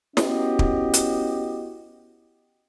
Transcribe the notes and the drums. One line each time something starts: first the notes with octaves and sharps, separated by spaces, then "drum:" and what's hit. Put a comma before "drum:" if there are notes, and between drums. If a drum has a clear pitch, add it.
B3 C#4 E4 F#4 G4 D#5, drum: snare
drum: kick
drum: hi-hat